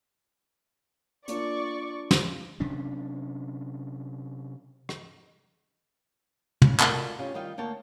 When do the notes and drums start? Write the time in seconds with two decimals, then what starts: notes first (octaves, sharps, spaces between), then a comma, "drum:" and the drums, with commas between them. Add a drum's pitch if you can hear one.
1.28 A#3 D4 F4 D5 C#6, drum: hi-hat
2.11 drum: snare
2.60 C3 F#3 C#4 D4
4.89 drum: rim click
6.62 C#3, drum: tom
6.79 A3 F4 F#4 A#4 D5, drum: clap
7.19 C#4 F4 G4
7.34 D#3 G3 D#4 F4 G5
7.57 D2 A#3 C#5 G5 A5